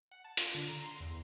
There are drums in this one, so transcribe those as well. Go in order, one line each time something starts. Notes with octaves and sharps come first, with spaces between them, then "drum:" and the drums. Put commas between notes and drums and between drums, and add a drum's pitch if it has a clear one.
F#5
A5
F4, drum: hi-hat
D3
A#5
C6
E2